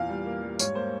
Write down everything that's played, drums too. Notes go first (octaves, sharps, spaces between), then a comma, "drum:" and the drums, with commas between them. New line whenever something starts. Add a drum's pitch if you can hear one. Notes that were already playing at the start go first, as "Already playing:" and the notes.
Already playing: E2 A#2 F5
G3
A#3
G3
G#2 C#5, drum: tambourine
A#3 C5